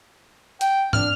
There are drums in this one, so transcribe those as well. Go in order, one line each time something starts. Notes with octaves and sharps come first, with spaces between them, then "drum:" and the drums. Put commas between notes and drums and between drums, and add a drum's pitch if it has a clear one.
G5, drum: hi-hat
D4 F6, drum: tom